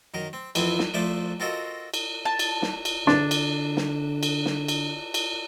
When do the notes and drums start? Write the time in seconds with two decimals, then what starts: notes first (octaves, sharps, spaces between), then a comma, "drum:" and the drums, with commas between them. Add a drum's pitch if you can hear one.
0.14 F#2 D#3 A#4
0.33 C4
0.55 F2 E3 B3 C4 E4, drum: cymbal
0.79 drum: snare
0.94 F3 A3 C5 D5 E5
1.40 C4 F4 F#4 A4 A#4 D#5
1.94 drum: cymbal
2.25 A5
2.39 drum: cymbal
2.62 drum: snare
2.85 drum: cymbal
3.07 D3 D4, drum: snare
3.31 drum: cymbal
3.77 drum: snare
4.23 drum: cymbal
4.46 drum: snare
4.68 drum: cymbal
5.14 drum: cymbal